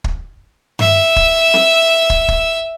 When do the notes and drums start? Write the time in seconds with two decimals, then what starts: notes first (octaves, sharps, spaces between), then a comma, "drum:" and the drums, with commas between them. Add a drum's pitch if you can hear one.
0.04 drum: kick
0.79 E5 E6, drum: tom G2
1.16 drum: kick
1.54 drum: snare C4
2.10 drum: kick
2.28 drum: kick